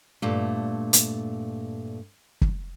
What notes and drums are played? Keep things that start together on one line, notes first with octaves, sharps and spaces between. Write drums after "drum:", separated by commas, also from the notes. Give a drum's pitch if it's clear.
G2 A#2 A3
drum: hi-hat
drum: kick